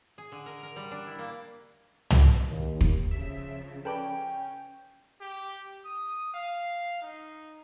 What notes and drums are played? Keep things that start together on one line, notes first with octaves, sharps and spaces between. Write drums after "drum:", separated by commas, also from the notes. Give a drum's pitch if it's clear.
G#4
D3
A#4
A#4
G3
D4
E4
A#3
drum: tom
D#2
drum: kick
C#3 F3 E5
C#4 A4 B4 D5 G5
G4
D#6
F5
D#4